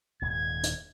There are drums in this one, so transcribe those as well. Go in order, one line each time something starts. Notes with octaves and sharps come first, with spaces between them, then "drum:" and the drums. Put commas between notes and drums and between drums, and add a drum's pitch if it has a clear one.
D#1 D#2 G#2 G#6
drum: hi-hat